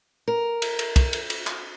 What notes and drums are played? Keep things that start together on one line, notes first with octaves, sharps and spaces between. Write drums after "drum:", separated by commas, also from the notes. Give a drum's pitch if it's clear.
A#4
drum: cymbal
drum: cymbal
drum: kick, cymbal
drum: cymbal
drum: cymbal
drum: clap